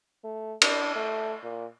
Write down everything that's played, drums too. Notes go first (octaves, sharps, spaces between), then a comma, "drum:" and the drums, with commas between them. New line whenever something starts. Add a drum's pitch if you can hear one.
A3
D4, drum: cymbal
A3
A#2